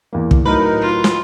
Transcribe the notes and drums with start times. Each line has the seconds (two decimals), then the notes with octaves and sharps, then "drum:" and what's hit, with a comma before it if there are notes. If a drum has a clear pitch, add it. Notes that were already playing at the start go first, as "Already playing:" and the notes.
0.13 E2 A#3
0.31 drum: kick
0.45 A2 F#3 D#4 A#4 B4
0.81 F4
1.04 drum: snare